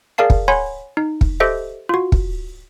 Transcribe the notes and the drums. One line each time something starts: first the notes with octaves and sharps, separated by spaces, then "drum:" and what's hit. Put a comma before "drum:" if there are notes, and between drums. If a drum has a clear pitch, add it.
G#4 A#4 D5 F5 A5 C7
drum: kick
C#5 F#5 G#5 B5 C6
D#4
drum: kick
G4 A4 C5 D#5 E5
F4 F#4
drum: kick